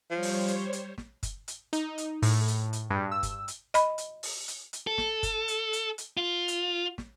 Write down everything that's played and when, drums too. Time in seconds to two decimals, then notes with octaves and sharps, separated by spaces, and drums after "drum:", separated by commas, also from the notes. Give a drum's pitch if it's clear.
0.11 F3 G3 C5 C#5
0.23 drum: open hi-hat
0.48 drum: hi-hat
0.73 drum: hi-hat
0.98 drum: snare
1.23 drum: kick F#1, hi-hat
1.48 drum: hi-hat
1.73 D#4, drum: hi-hat
1.98 drum: hi-hat
2.22 A2, drum: open hi-hat
2.48 drum: hi-hat
2.73 drum: hi-hat
2.90 G2
3.12 E6
3.23 drum: kick F#1, hi-hat
3.48 drum: hi-hat
3.74 D#5 B5, drum: hi-hat
3.98 drum: hi-hat
4.23 drum: open hi-hat
4.48 drum: hi-hat
4.73 drum: hi-hat
4.87 A4
4.98 drum: snare
5.23 drum: kick F#1, hi-hat
5.48 drum: hi-hat
5.73 drum: hi-hat
5.98 drum: hi-hat
6.17 F4
6.48 drum: hi-hat
6.98 drum: snare